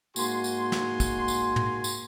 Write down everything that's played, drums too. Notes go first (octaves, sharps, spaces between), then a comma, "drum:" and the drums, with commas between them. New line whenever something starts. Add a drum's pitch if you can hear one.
G#2 A#3 F#4 G#5 C6, drum: tambourine
drum: tambourine
drum: snare
drum: kick, tambourine
drum: tambourine
drum: tom
drum: tambourine